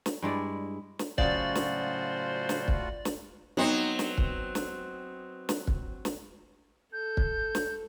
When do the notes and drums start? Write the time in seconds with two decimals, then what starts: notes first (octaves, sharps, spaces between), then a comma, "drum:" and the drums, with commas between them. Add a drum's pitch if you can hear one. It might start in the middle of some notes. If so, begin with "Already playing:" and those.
0.06 drum: snare
0.22 G2 G#3 E4 D5
0.99 drum: snare
1.18 A2 C#3 F#3 F4 F#4 C5 D5, drum: kick
1.55 drum: snare
2.49 drum: snare
2.68 drum: kick
3.05 drum: snare
3.57 F#3 B3 C4 D#4 B4
3.99 drum: snare
4.18 drum: kick
4.55 drum: snare
5.49 drum: snare
5.67 drum: kick
6.05 drum: snare
6.93 A4 G6
7.17 drum: kick
7.55 drum: snare